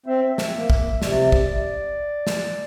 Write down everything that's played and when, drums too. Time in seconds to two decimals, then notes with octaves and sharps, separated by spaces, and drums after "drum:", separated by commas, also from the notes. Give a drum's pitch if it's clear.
0.06 C4 E5
0.38 drum: snare
0.54 A#3
0.70 drum: kick
1.02 C3 D5, drum: snare
1.32 drum: kick
2.27 drum: snare